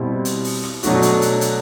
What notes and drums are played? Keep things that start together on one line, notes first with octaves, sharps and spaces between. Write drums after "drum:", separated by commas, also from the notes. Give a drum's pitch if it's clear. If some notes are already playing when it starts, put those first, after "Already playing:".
Already playing: B2 G3 C4 E4
drum: hi-hat
drum: open hi-hat
drum: rim click
B2 F#3 A3 D4 F#4, drum: hi-hat
drum: hi-hat
drum: hi-hat
drum: hi-hat